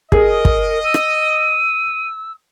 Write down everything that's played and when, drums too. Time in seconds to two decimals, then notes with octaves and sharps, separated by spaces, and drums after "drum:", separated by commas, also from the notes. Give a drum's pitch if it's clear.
0.12 G#4 A#4 D#5, drum: kick
0.45 drum: kick
0.84 E6 D#7
0.94 drum: rim click